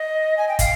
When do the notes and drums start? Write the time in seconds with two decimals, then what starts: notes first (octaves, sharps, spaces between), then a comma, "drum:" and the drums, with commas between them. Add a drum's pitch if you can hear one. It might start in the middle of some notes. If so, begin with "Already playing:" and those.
Already playing: D#5
0.37 G#5
0.48 G5
0.59 F5, drum: kick, hi-hat